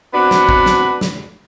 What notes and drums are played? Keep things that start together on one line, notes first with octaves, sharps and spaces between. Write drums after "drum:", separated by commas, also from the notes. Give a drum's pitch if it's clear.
B3 C4 D4 F#4 B4
drum: snare
drum: kick
drum: snare
drum: snare